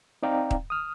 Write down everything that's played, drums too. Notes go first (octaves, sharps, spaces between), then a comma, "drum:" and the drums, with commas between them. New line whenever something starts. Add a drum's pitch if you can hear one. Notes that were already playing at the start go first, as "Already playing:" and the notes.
C4 D#4 D5 F5 G5 A#5
drum: kick D#1
D#6 F6